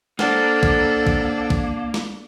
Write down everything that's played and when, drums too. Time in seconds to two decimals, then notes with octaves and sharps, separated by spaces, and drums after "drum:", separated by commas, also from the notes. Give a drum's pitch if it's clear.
0.19 A#3 D4 A4 C5 F#5 F6, drum: snare
0.63 drum: kick
1.07 drum: kick
1.50 drum: kick
1.94 drum: snare